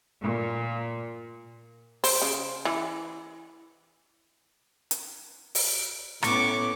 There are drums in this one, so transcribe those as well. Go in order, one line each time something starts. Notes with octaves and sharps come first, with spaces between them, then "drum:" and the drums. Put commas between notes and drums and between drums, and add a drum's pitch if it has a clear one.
A#2
C5, drum: open hi-hat
C#3
E3
drum: hi-hat
drum: open hi-hat
A2 B3 C#4 C#6 D6, drum: rim click